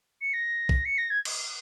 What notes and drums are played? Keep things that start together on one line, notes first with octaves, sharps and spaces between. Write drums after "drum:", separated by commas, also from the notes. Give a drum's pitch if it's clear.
C#7
A#6
drum: kick
C#7
A#6
G#6
drum: cymbal